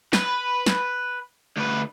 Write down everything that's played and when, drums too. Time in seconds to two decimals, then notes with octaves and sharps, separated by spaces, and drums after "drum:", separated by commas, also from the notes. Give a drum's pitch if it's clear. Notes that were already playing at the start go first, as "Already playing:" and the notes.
0.13 B4, drum: snare
0.66 drum: snare
1.57 D2 B4